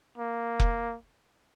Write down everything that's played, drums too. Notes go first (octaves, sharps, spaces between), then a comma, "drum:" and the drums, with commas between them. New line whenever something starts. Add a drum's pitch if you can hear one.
A#3
drum: kick F1